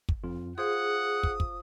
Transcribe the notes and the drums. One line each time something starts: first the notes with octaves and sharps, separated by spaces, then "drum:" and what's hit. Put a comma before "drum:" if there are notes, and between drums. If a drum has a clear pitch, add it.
drum: kick
F2 F4
F4 G#4 C5 F5 F#5 D#6
drum: kick
drum: kick